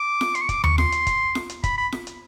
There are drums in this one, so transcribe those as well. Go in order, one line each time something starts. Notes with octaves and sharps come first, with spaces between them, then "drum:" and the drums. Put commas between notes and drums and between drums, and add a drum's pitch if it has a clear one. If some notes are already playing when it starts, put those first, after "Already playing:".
Already playing: D6
drum: snare
C6, drum: hi-hat
C#6
D6, drum: kick, hi-hat
C#6, drum: tom D#2
C6, drum: snare
drum: hi-hat
drum: kick, hi-hat
drum: snare
drum: hi-hat
B5, drum: kick, hi-hat
B5
drum: snare
drum: hi-hat